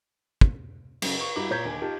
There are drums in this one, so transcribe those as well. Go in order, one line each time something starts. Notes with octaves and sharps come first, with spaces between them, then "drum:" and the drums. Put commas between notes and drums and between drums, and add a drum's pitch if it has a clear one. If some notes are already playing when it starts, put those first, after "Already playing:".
drum: kick
F#2 C#3, drum: cymbal
C#6
G2 E4 F#4 G4 A#5 D6
A#2 C#5 A#5 G6 G#6 B6
D#2 D3 G#5
D#4 F4 G4 A5